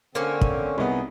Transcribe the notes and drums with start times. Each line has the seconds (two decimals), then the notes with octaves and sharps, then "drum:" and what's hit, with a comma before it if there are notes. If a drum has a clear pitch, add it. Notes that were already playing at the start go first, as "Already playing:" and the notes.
0.15 D3 A#3 C4 C#4
0.41 drum: kick
0.78 C2 B3 D#4 G#4